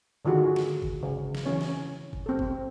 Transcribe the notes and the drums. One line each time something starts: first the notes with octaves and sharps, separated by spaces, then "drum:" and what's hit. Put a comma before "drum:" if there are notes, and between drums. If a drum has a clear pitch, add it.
D3 D#3 F4 F#4 G#4
drum: snare
drum: kick G1
C#3
drum: snare
E3 C#4 C#5
drum: snare
drum: kick G1
C4 A4
drum: kick G1